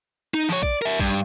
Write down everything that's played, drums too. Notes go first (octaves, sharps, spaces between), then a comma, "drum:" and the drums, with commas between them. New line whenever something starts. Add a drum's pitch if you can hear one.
D#4
F3 C#5
D5, drum: kick
A#4 E5
G2, drum: kick